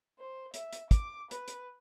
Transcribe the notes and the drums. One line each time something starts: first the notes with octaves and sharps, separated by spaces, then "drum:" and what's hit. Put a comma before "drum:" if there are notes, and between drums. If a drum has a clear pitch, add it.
C5
E5, drum: hi-hat
drum: hi-hat
D6, drum: kick, hi-hat
B4, drum: hi-hat
drum: hi-hat